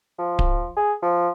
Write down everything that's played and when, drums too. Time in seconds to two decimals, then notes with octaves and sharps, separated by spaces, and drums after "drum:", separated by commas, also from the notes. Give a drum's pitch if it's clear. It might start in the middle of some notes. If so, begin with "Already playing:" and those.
0.19 F3
0.39 drum: kick D1
0.76 G#4
1.03 F3